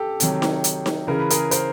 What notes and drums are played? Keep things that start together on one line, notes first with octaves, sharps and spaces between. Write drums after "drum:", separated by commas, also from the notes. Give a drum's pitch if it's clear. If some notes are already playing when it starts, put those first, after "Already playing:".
Already playing: G4 A4
C3 D#3 F#3, drum: hi-hat
drum: snare D#4
drum: hi-hat
drum: snare D#4
C#3 E3 A#4
B4
G#4 A#4, drum: hi-hat
A#4 C5, drum: hi-hat